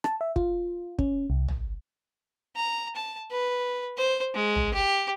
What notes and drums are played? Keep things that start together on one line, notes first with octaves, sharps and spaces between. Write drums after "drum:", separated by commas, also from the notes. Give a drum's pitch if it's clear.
A5, drum: rim click
E5
F4, drum: kick
C#4, drum: kick
C2
drum: tom
A#5
A5
B4
C5
G#3
drum: tom
G4